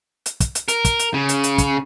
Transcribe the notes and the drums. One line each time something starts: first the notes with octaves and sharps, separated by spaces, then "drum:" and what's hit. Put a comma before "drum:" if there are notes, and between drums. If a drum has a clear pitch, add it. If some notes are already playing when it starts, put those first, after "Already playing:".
drum: hi-hat
drum: kick, hi-hat
drum: hi-hat
A#4, drum: hi-hat
drum: kick, hi-hat
drum: hi-hat
C#3
drum: hi-hat
drum: hi-hat
drum: kick, hi-hat